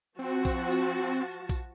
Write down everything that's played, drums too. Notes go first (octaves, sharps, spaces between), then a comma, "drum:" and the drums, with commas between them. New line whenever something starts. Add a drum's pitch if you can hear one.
F3 C4 F#4 A5
drum: kick A#1, tambourine
drum: tambourine
drum: kick A#1, tambourine